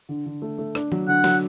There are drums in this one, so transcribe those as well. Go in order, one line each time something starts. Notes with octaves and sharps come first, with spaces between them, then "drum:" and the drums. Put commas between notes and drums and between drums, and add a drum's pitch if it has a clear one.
D3
D3
A3
A3
D4, drum: rim click
F#3, drum: tom D#3
D3 F#5
F#3, drum: snare